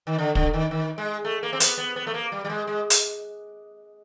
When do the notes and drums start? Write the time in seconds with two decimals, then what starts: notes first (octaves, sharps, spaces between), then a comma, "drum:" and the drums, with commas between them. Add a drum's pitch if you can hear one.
0.07 D#3
0.18 D3
0.35 D3, drum: kick
0.54 D#3
0.71 D#3
0.98 G#3
1.25 A3
1.43 A#3
1.53 C4
1.60 B3, drum: hi-hat
1.78 B3
1.96 B3
2.07 A3
2.14 A#3
2.32 G3
2.44 G3
2.49 G#3
2.67 G#3
2.90 drum: hi-hat